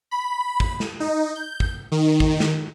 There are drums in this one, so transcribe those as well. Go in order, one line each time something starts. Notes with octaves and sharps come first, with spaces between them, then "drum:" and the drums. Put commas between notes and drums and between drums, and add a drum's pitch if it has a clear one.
B5
drum: kick
drum: snare
D#4
G6
drum: kick
D#3
drum: kick
drum: snare